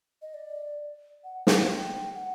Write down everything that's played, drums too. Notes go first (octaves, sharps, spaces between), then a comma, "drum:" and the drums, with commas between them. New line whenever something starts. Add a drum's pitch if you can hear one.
D#5
D5
F#5
drum: snare
G5
F#5